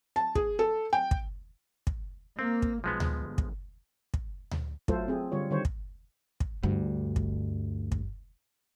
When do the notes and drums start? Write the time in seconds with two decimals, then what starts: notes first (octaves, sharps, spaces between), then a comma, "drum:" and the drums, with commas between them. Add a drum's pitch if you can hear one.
0.16 A5
0.35 G#4, drum: kick
0.59 A4
0.93 G5
1.11 drum: kick
1.87 drum: kick
2.39 A#3 C4
2.62 drum: kick
2.84 B1 F3 G#3 B3
3.00 drum: tom D2
3.17 G1
3.38 drum: kick
4.14 drum: kick
4.51 drum: tom D2
4.88 F#3 A3 F4 A4 C5, drum: kick
5.08 C4 G#4
5.32 D3 G3 F4 C#5
5.50 D3 D#3 G3 C5 C#5
5.65 drum: kick
6.40 drum: kick
6.63 D2 G2
7.16 drum: kick
7.92 drum: kick